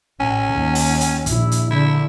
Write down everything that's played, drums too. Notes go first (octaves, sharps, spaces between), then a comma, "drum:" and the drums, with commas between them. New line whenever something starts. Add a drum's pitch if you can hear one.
A1 C#4
D#2
drum: open hi-hat
drum: hi-hat
A#1 E4, drum: kick, hi-hat
drum: hi-hat
D3 E4